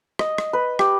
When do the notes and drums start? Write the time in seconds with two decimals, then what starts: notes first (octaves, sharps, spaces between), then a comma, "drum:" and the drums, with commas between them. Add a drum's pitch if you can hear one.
0.19 D#5, drum: rim click
0.38 drum: rim click
0.53 B4
0.79 G4, drum: rim click